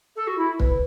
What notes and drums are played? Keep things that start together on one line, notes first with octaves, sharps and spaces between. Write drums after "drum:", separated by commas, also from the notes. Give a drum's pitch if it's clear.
A4
F#4
E4
B4, drum: kick